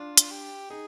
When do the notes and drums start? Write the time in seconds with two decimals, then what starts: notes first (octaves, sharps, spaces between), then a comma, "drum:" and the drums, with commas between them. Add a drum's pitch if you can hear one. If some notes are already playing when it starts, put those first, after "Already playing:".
Already playing: D4 F4
0.17 drum: hi-hat
0.31 G4
0.70 D#4 G#4